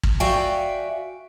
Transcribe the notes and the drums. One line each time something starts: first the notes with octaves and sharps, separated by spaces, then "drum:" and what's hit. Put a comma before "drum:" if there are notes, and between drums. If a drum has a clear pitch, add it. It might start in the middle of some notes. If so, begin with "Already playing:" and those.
drum: kick
F#4 D5 E5 F5 G5 G#5